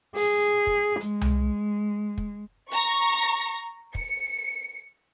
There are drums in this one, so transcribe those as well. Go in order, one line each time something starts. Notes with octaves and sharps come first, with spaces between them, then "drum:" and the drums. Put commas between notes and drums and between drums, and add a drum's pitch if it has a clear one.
G#4, drum: open hi-hat
drum: kick
G#3, drum: hi-hat
drum: tom C2
drum: kick
A#5 C#6
C#7, drum: kick